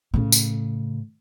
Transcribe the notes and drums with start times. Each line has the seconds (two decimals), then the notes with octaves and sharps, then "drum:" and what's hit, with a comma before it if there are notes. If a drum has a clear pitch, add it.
0.14 A2 C#3
0.32 drum: tambourine